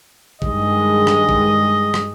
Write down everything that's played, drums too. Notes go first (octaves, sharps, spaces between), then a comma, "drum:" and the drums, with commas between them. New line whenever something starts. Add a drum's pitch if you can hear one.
G2 D#3 G#3 D#5, drum: kick A1
drum: rim click
drum: kick A1
drum: rim click